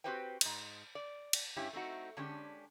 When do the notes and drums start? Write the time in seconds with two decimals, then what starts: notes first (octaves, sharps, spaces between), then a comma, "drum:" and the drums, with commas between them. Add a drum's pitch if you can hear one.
0.04 C4 F#4 G4 B4 C5 G5
0.41 G#2 G#3, drum: cymbal
0.95 D5
1.33 drum: cymbal
1.56 G2 C#4 E4 G4
1.73 A3 C4 D#4 F#4
2.17 D3 G#3 C#4 D4 G4